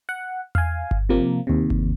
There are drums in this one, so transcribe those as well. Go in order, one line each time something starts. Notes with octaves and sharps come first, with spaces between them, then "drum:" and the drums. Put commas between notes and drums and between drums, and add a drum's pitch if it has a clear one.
F#5
F5 G#5, drum: tom E2
drum: kick G1
C3 F3 A#3
D#2 C3
drum: kick G1